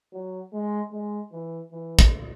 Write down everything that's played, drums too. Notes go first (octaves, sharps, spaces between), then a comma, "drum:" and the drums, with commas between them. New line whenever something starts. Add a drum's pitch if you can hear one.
F#3
G#3
G#3
E3
E3
drum: kick